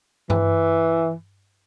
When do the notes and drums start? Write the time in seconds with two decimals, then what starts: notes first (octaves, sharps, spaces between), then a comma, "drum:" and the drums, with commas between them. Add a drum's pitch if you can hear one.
0.30 E3, drum: tom G2